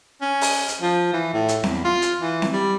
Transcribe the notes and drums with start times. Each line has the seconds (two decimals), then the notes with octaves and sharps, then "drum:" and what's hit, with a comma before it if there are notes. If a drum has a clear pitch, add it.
0.21 C#4
0.41 drum: open hi-hat
0.68 drum: hi-hat
0.82 F3
1.13 E3
1.33 A2
1.48 drum: hi-hat
1.64 E2, drum: snare C4
1.84 F4
2.02 drum: hi-hat
2.20 E3
2.42 drum: snare C4
2.52 G3